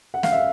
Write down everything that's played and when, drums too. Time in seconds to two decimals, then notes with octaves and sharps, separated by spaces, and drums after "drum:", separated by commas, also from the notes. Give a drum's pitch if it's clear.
0.14 F#5
0.23 F5, drum: snare
0.32 E5